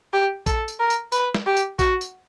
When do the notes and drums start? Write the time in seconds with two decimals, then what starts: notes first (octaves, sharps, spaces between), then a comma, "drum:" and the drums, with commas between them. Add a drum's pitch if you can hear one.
0.13 G4
0.46 A4, drum: kick A#1, tambourine
0.68 drum: tambourine
0.79 A#4
0.90 drum: tambourine
1.12 B4, drum: tambourine
1.34 drum: snare
1.46 G4
1.57 drum: tambourine
1.79 F#4, drum: kick A#1, tambourine
2.01 drum: tambourine